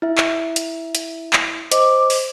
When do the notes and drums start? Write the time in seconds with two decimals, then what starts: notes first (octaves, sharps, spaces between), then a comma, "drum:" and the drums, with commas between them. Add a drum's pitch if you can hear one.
0.02 E4 E5
0.18 drum: clap
0.56 drum: hi-hat
0.95 drum: hi-hat
1.33 drum: clap
1.71 C5 D#5 D6, drum: hi-hat
2.10 drum: open hi-hat